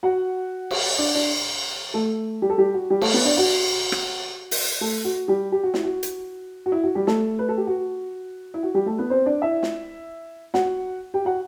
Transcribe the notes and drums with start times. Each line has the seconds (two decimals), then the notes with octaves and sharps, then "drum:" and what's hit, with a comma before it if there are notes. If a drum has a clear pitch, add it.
0.03 F#4 F#5
0.71 drum: cymbal
0.99 D4 D5
1.15 D4 D5
1.94 A3 A4
2.42 G3 G4
2.50 A4
2.58 G3 G4
2.74 F#4
2.90 G3 G4
3.01 A3 A4, drum: cymbal
3.14 B3 B4
3.25 D4 D5
3.37 F#4 F#5
3.92 drum: rim click
4.51 drum: open hi-hat
4.81 A3 A4
5.05 F#4
5.28 G3 G4
5.52 G4
5.63 F#4
5.74 E4, drum: snare
5.84 F#4
6.03 drum: hi-hat
6.66 F#4
6.72 E4
6.84 F#4
6.95 G3 G4
7.07 A3 A4, drum: snare
7.39 B4
7.49 A4
7.58 G4
7.67 F#4
8.54 E4
8.63 F#4
8.74 G3 G4
8.86 A3 A4
8.98 B3 B4
9.10 C4 C5
9.26 D4 D5
9.42 E4 E5
9.63 drum: snare
10.54 F#4 F#5, drum: snare
11.14 G4 G5
11.25 F#4 F#5